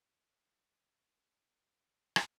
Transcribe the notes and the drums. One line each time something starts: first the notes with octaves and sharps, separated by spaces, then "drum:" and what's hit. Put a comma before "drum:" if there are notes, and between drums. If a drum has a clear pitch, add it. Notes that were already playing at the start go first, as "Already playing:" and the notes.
F#2 A2 D#3
drum: rim click